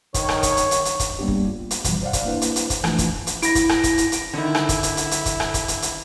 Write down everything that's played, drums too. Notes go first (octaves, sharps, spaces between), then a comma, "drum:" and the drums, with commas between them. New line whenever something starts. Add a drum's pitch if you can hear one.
D#3 C#5, drum: kick, hi-hat
drum: rim click
drum: kick, hi-hat
drum: hi-hat
drum: hi-hat
drum: hi-hat
drum: kick, hi-hat
G3 A#3 B3 D4 G4
drum: kick
F4
drum: hi-hat
F#2 B2 E3 F3 G3, drum: kick, hi-hat
C5 D5 F5 F#5
drum: kick, hi-hat
A#3 D4 E4 B4 C5
drum: hi-hat
drum: hi-hat
drum: kick, hi-hat
E3 F3 A3 D4 F4, drum: rim click
drum: kick, hi-hat
drum: hi-hat
E4 A#6 D7, drum: hi-hat
drum: kick, hi-hat
drum: rim click
drum: kick, hi-hat
drum: hi-hat
drum: hi-hat
D3 D#3 E4
drum: rim click
drum: kick, hi-hat
drum: hi-hat
drum: hi-hat
drum: hi-hat
drum: kick, hi-hat
drum: rim click
drum: kick, hi-hat
drum: hi-hat
drum: hi-hat